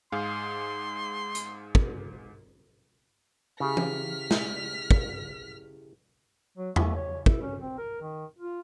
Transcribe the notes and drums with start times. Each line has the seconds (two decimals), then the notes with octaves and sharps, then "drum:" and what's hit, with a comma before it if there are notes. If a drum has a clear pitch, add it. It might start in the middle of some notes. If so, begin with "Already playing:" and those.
0.12 G#2 G#4 F5 C6
1.35 drum: hi-hat
1.75 drum: kick
3.60 C#3 E4 G4 G#4 F6 B6
3.77 drum: tom E3
4.31 drum: snare
4.91 drum: kick
6.58 F#3
6.76 A3, drum: tom E2
6.96 C#5
7.26 E4, drum: kick
7.42 C#4
7.61 C4
7.78 A#4
8.02 D#3
8.39 F4